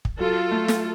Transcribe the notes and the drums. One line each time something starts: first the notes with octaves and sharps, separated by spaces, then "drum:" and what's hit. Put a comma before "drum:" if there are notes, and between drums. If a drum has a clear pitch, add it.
drum: kick
F#3 F4 A4
A3
drum: snare